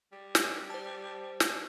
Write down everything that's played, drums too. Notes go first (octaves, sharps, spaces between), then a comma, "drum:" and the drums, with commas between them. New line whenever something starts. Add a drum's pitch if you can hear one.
G3
drum: snare
C5 A5
drum: snare